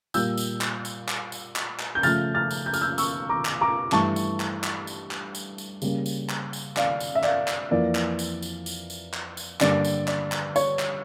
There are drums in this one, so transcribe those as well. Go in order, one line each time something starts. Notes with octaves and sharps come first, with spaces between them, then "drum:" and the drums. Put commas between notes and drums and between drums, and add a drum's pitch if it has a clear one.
A#2 G3 A#3 E6 G6, drum: tambourine
drum: tambourine
drum: clap
drum: tambourine
drum: clap
drum: tambourine
drum: clap
drum: clap
G6
C#3 F3 A3 F6 A6, drum: tambourine
F6 A6
drum: tambourine
G6
F6, drum: tambourine
E6 G6
C#6 E6, drum: tambourine
A#5 D6
drum: clap
A#5 D6
G2 E3 A3 A5 C#6, drum: clap
drum: tambourine
drum: clap
drum: clap
drum: tambourine
drum: clap
drum: tambourine
drum: tambourine
C#3 G3 A#3, drum: tambourine
drum: tambourine
drum: clap
drum: tambourine
D5 F5, drum: clap
drum: tambourine
E5
D5 F5, drum: clap
drum: clap
F2 E3 A#3 D5
drum: clap
drum: tambourine
drum: tambourine
drum: tambourine
drum: tambourine
drum: clap
drum: tambourine
G2 D3 G3 A#3 D5, drum: clap
drum: tambourine
D5, drum: clap
drum: clap
C#5, drum: tambourine
drum: clap